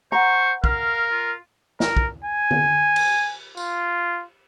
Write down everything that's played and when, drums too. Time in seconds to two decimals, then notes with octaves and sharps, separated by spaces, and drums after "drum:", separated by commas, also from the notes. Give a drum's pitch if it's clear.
0.12 C5 F#5 A#5 C#6
0.64 A#4 F5, drum: kick
1.12 F4
1.80 A#4, drum: snare
1.97 drum: kick
2.24 G#5
2.51 drum: tom
2.96 drum: cymbal
3.57 F4, drum: tambourine